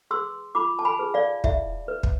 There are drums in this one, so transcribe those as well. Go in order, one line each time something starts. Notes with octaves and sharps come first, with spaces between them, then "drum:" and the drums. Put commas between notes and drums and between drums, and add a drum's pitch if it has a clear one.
G#4 B4 C6 E6
F4 B5 D6
A5
G#5 B5
G#4 B4
D5 F5
E4 E5, drum: kick
B4
drum: kick